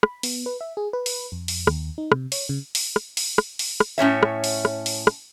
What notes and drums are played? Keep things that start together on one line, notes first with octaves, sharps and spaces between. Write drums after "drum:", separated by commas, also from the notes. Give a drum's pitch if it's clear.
B5, drum: rim click
B3, drum: open hi-hat
B4
E5
G#4
B4
drum: open hi-hat
F2
drum: open hi-hat
D#2, drum: rim click
D#4
C3, drum: rim click
C#5, drum: open hi-hat
C#3
drum: open hi-hat
drum: rim click
drum: open hi-hat
drum: rim click
drum: open hi-hat
drum: rim click
A2 C#4 C#5 E5
drum: rim click
drum: open hi-hat
drum: rim click
drum: open hi-hat
drum: rim click